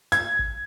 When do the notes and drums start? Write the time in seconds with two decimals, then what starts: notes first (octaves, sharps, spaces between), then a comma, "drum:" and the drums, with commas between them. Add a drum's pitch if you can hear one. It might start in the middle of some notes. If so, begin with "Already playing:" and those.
0.12 G#6, drum: hi-hat
0.39 drum: kick G1